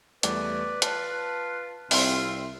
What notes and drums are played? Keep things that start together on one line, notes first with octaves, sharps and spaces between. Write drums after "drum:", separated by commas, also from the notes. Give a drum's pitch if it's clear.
E2 G3 A3 B4 D5, drum: hi-hat
F4 A5 F#6, drum: hi-hat
C2 C4 F4 E5 C6, drum: open hi-hat